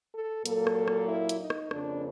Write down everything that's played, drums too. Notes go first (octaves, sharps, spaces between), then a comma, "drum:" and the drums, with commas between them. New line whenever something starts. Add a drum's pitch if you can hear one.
A4
A#2 F#3 A#3 A4, drum: hi-hat
drum: rim click
drum: rim click
E4
drum: hi-hat
D#4
drum: rim click
F2 C#3 F3 A#3 D4, drum: rim click